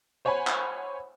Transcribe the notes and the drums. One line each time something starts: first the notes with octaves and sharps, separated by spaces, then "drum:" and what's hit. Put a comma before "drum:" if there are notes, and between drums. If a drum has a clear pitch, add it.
C5 C#5 F#5 G#5 B5
drum: clap